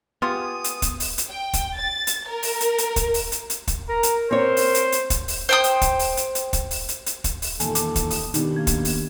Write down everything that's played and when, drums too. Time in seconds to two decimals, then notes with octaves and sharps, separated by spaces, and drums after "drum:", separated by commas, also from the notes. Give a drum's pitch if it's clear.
0.22 B3 F4 G4 G#4 D#6
0.64 drum: hi-hat
0.82 drum: kick, hi-hat
1.00 drum: open hi-hat
1.18 drum: hi-hat
1.30 G5
1.53 drum: kick, hi-hat
1.77 A6
2.07 drum: hi-hat
2.28 A#4
2.43 drum: open hi-hat
2.60 drum: hi-hat
2.78 drum: hi-hat
2.96 drum: kick, hi-hat
3.14 drum: open hi-hat
3.32 drum: hi-hat
3.50 drum: hi-hat
3.67 drum: kick, hi-hat
3.89 A#4 A#5
4.03 drum: hi-hat
4.31 C4 A#4 C5 C#5
4.57 drum: open hi-hat
4.74 drum: hi-hat
4.92 drum: hi-hat
5.10 drum: kick, hi-hat
5.28 drum: open hi-hat
5.49 C5 G5 D#6
5.64 drum: hi-hat
5.81 drum: kick, hi-hat
5.99 drum: open hi-hat
6.17 drum: hi-hat
6.35 drum: hi-hat
6.53 drum: kick, hi-hat
6.71 drum: open hi-hat
6.89 drum: hi-hat
7.06 drum: hi-hat
7.24 drum: kick, hi-hat
7.42 drum: open hi-hat
7.60 E2 A#2 D#3 A4 G#5, drum: hi-hat
7.75 D6, drum: hi-hat
7.96 drum: kick, hi-hat
8.10 D#6, drum: open hi-hat
8.34 B2 D#3 B3 D4 D#4 G4, drum: hi-hat
8.56 A#3 G#6
8.67 drum: kick, hi-hat
8.85 drum: open hi-hat